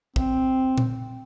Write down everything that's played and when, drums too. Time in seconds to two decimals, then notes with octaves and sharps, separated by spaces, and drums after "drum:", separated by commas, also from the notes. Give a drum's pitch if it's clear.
0.16 C4, drum: kick
0.78 drum: tom A#2